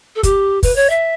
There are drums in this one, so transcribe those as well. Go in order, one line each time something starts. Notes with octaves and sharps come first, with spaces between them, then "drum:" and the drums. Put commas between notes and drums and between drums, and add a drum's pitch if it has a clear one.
A4
G4, drum: kick, hi-hat
B4, drum: kick, open hi-hat
C#5
E5